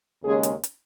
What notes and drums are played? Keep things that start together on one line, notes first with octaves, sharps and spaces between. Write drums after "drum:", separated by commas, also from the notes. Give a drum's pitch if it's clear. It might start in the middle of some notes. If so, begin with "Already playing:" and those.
D#2 C#3 G#3 C#4 G#4
drum: hi-hat
drum: hi-hat